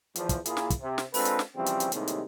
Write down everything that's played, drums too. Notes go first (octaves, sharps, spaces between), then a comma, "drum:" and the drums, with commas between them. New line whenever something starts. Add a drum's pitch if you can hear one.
E2 F3, drum: hi-hat
drum: kick, hi-hat
A#2 A#3 E4 G#4, drum: hi-hat
drum: snare
drum: kick, hi-hat
C3
drum: snare
G#3 C4 D4 F4 A4 B4, drum: open hi-hat
drum: hi-hat
drum: snare
C#3 E3 F3 G3 C4
drum: hi-hat
drum: hi-hat
D#2 A2 C3 G3 G#3 D#4, drum: hi-hat
drum: hi-hat